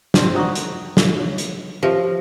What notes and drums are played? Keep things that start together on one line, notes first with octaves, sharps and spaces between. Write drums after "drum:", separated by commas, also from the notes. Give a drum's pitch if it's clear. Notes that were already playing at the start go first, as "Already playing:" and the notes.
G2 C4, drum: snare
F#4 C5 A#5 C#6 D#6
drum: hi-hat
drum: snare
G3 C#5
drum: hi-hat
F3 C#4 F4 G4 B4 C#5 E5